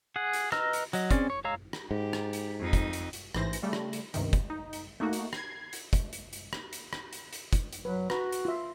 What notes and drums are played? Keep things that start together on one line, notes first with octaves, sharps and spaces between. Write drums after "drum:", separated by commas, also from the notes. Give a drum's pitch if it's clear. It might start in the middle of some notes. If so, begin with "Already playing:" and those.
G#4 F#5
drum: hi-hat
B4 D#5 A#5 E6 F6, drum: rim click
drum: hi-hat
F#3 D#5, drum: hi-hat
C4 C#4 G#4 D5, drum: kick, hi-hat
C#5
G#3 C#5 F5 A#5 E6
drum: rim click
G#2 G4
drum: rim click
drum: hi-hat
F2 D#4
drum: kick, hi-hat
drum: hi-hat
drum: hi-hat
A1 G#2 E3 C5 A#6, drum: rim click
drum: hi-hat
C#3 G3 A3
drum: rim click
drum: hi-hat
C#2 G2 C3 D#3, drum: hi-hat
drum: kick, hi-hat
D#4
drum: hi-hat
A3 A#3 D#4 F#4
drum: hi-hat
G#6 C7, drum: rim click
drum: hi-hat
drum: kick, hi-hat
drum: hi-hat
drum: hi-hat
drum: rim click
drum: hi-hat
drum: rim click
drum: hi-hat
drum: hi-hat
drum: kick, hi-hat
drum: hi-hat
F#3 B4
F#4 B4 A#5, drum: rim click
drum: hi-hat
F4 E5